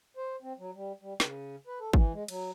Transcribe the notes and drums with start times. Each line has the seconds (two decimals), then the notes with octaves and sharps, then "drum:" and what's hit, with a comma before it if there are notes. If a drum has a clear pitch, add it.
0.17 C5
0.42 C4
0.59 F#3
0.75 G3
1.01 G3
1.20 C#3, drum: snare
1.67 B4
1.80 A4
1.93 E3, drum: kick
2.13 G#3
2.28 F#3, drum: cymbal